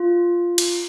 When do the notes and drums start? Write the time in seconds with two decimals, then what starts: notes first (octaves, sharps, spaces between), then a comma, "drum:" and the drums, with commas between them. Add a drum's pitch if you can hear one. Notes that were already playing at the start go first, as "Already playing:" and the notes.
Already playing: F4
0.58 drum: cymbal